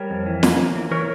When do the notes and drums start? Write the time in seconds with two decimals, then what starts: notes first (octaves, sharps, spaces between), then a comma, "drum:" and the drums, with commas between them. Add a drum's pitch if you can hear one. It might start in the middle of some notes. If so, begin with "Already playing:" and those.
Already playing: G3 A#4 C#5
0.10 F2
0.26 E3
0.43 A#3, drum: snare
0.59 A#3
0.75 E3
0.91 E3 A#4 C#5